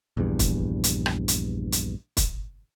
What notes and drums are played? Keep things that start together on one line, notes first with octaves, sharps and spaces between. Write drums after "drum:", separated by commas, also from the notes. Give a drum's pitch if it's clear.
A#1 E2 G2
drum: kick, hi-hat
drum: hi-hat
drum: rim click
drum: hi-hat
drum: hi-hat
drum: kick, hi-hat